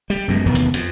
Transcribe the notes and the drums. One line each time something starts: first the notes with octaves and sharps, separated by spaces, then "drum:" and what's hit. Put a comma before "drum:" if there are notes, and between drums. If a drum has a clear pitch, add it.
G3
F#2 B2 G#3
F1 E2 D#3 B3
drum: hi-hat
F2, drum: hi-hat